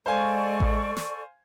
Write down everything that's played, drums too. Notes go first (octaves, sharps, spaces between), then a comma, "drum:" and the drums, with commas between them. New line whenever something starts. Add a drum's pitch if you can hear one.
G#3 A4 C5 D5 F5 G#5 C#6
drum: kick A1
drum: snare